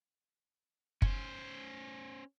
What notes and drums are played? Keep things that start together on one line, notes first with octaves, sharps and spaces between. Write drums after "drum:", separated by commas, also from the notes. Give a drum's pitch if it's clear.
C#4 C5, drum: kick